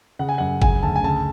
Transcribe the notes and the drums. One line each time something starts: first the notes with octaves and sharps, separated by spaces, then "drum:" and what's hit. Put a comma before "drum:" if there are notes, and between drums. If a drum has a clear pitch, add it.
C#3 F#5
G#5
F#2 F#5
C#3 G#5, drum: kick
D2 A5
G#5
C#3 A5